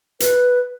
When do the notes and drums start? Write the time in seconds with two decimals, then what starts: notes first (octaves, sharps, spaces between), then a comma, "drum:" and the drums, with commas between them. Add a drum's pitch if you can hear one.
0.20 B4, drum: hi-hat